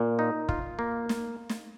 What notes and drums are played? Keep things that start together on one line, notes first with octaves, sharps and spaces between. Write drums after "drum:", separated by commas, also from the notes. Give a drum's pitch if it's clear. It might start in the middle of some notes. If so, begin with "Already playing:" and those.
Already playing: A#2
D#4
F4, drum: kick
A#3
drum: snare
drum: snare